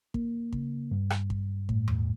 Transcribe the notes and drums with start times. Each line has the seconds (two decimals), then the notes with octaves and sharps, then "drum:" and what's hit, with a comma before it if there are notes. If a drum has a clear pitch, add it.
0.14 A#3, drum: kick
0.53 C#3, drum: kick
0.91 G2
1.10 drum: rim click
1.30 G2, drum: kick
1.69 A2, drum: kick
1.88 drum: tom E2